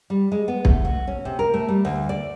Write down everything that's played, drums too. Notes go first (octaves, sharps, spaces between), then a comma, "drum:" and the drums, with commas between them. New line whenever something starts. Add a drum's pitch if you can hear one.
G3
G#3
B3
A3, drum: kick
F#4
C#4
C3
A#4
A3
G3
D2
D5